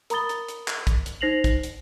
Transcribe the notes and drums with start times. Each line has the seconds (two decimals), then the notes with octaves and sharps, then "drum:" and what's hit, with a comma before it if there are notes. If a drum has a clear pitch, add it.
0.10 A#4 A#5 B5 D#6 A6 G7, drum: hi-hat
0.29 drum: hi-hat
0.49 drum: hi-hat
0.68 drum: clap
0.87 drum: kick, hi-hat
1.06 drum: hi-hat
1.21 D#4 C5 A#6 C7 F7 F#7
1.44 drum: kick, hi-hat
1.63 drum: hi-hat